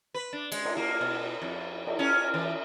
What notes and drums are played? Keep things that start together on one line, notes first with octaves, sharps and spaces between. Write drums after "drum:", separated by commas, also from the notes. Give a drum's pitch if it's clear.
B4
D4
G#3, drum: cymbal
drum: cymbal
A#3
B2
F2
drum: cymbal
C#4
E3